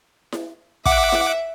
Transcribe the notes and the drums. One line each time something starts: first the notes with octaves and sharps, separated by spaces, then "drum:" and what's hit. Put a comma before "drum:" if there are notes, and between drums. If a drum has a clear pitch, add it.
drum: snare E4
E5 F#5 D6, drum: kick
drum: snare E4